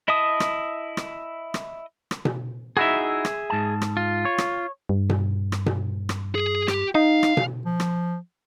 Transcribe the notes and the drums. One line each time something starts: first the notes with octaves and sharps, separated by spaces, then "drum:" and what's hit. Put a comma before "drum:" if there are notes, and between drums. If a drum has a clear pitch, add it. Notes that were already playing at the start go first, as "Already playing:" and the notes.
E4 D#5 E5 A5 D#6
drum: rim click
drum: rim click
drum: rim click
drum: rim click
drum: tom B2
D#4 E4 F#4 G#4 E5
drum: rim click
G#2 A5
drum: rim click
F4
C#5
drum: rim click
G2
drum: tom B2
drum: rim click
drum: tom B2
drum: rim click
G#4
G4, drum: rim click
D#4 F5
drum: rim click
drum: tom B2
F3
drum: rim click